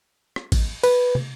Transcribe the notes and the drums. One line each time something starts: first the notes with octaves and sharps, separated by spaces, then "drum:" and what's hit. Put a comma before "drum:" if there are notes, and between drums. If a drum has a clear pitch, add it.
drum: rim click
drum: kick, cymbal
B4, drum: cymbal
drum: tom